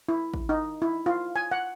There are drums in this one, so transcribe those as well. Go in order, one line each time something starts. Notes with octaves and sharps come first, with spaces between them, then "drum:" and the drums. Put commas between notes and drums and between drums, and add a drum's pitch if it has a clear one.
E4
drum: kick
D#4
E4
F4
G#5
F#5